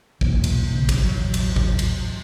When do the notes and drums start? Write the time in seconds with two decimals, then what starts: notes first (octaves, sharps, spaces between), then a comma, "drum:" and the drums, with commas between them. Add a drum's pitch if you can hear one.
0.21 B1 E2 A#2, drum: kick
0.44 drum: cymbal
0.71 B1 C#3
0.89 drum: kick, cymbal
1.02 D#1 A1 F#3
1.34 drum: cymbal
1.56 drum: kick
1.79 drum: cymbal